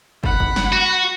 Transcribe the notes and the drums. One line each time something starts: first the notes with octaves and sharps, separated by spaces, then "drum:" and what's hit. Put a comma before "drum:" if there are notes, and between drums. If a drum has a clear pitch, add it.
F#5 B5, drum: kick
drum: kick
drum: snare
F#4